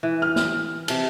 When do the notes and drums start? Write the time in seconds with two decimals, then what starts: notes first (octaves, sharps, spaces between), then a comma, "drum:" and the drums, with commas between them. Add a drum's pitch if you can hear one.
0.03 E3
0.22 F6
0.36 drum: snare
0.88 C3 A5, drum: cymbal